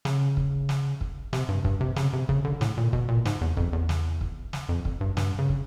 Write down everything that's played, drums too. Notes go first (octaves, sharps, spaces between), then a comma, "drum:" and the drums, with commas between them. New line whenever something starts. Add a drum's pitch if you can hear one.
C#3, drum: snare
drum: kick
drum: snare
drum: kick
C3, drum: snare
G2
G2, drum: kick
C3
C#3, drum: snare
C3
C#3, drum: kick
D3
A2, drum: snare
A#2
B2, drum: kick
A#2
G#2, drum: snare
E2
F2, drum: kick
E2
drum: snare
drum: kick
drum: snare
F2
drum: kick
G2
G2, drum: snare
C#3
drum: kick